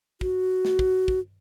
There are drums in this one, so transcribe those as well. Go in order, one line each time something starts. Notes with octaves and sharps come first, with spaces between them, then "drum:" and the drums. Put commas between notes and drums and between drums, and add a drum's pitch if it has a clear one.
F#4, drum: kick
drum: snare
drum: kick
drum: kick